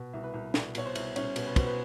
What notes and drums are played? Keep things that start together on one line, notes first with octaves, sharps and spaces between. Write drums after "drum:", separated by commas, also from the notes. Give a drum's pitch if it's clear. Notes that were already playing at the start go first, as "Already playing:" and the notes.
Already playing: B2
C2
B4
C2
B2, drum: snare
B2 C#5, drum: cymbal
C5
C2, drum: cymbal
C2 C#4 C#5, drum: cymbal
B2, drum: cymbal
B4
B2 C5, drum: kick, cymbal
B4